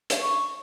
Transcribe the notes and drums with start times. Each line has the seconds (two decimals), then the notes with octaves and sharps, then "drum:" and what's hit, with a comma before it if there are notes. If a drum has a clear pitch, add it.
0.10 drum: hi-hat
0.20 C#6